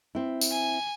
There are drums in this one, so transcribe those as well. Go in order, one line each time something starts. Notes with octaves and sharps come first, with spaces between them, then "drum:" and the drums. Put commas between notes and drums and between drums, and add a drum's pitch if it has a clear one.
C4 E4
drum: tambourine
G#5